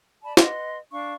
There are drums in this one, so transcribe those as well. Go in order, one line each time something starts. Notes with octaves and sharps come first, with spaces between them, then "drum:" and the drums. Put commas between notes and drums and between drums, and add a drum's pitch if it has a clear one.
D5 A5 B5
B4 D#5 F#5 C6, drum: snare
D4 D5 F5 C#6